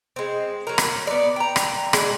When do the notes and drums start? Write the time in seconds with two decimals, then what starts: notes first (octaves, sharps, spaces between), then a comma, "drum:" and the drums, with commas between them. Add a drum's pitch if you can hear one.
0.16 G#3 C4
0.67 F#3 A#4
0.78 drum: rim click
1.07 B3 D5
1.36 G5 A#5
1.56 drum: rim click
1.93 G#3 D4, drum: rim click